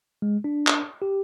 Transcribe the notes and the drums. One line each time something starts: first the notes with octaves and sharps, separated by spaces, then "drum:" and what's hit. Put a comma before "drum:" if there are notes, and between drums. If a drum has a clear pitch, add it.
G#3
D4
drum: clap
G4